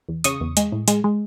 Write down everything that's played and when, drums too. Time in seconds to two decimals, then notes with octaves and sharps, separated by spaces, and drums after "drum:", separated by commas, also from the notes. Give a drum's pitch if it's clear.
0.09 E2
0.24 C#3 C#6 D#6, drum: hi-hat
0.41 E2
0.57 G#3, drum: hi-hat
0.72 A2
0.88 G#3, drum: hi-hat
1.04 G#3